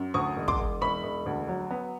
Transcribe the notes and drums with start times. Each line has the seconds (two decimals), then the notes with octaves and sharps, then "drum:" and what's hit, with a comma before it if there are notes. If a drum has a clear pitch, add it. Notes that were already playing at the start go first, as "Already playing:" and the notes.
Already playing: F#2
0.14 D2 C#6 D#6
0.37 E1
0.48 C6 D6, drum: kick
0.59 E1
0.81 E1 B5 C#6
1.03 E1
1.26 D2
1.48 F#3
1.71 B3